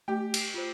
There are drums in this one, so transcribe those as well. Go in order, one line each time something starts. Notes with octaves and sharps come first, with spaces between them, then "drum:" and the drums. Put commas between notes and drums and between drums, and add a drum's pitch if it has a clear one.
A3 G4 G5
drum: cymbal
F4 C5